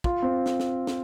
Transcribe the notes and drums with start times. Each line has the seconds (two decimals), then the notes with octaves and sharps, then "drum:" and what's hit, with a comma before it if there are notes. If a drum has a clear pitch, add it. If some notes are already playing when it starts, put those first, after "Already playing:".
0.04 F4, drum: kick
0.22 C4
0.46 drum: snare
0.60 drum: snare
0.87 drum: snare